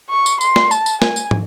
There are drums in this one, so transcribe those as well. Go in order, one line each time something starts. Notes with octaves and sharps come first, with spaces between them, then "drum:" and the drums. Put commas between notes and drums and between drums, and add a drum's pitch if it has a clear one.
C#6
drum: tambourine
C6, drum: tambourine
drum: snare
A5, drum: tambourine
drum: tambourine
G#5, drum: snare
drum: tambourine
drum: tom